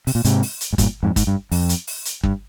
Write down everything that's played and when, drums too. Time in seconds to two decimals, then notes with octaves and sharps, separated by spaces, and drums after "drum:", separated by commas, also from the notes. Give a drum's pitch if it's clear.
0.07 C3, drum: open hi-hat
0.15 A#2
0.24 G#2 C3, drum: hi-hat
0.43 drum: open hi-hat
0.61 drum: hi-hat
0.73 G#2
0.78 G2 A#2, drum: kick, hi-hat
1.03 F2 G#2
1.16 G#2, drum: kick, hi-hat
1.27 G2
1.51 F2, drum: open hi-hat
1.69 drum: hi-hat
1.87 drum: open hi-hat
2.05 drum: hi-hat
2.23 G2, drum: kick